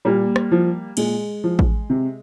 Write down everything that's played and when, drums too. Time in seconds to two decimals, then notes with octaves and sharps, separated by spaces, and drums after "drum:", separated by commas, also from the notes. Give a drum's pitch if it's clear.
0.05 A#2 G3 A#3
0.36 drum: rim click
0.51 F3
0.97 A#2 G#3, drum: cymbal
1.44 F3
1.59 drum: kick A1
1.90 C3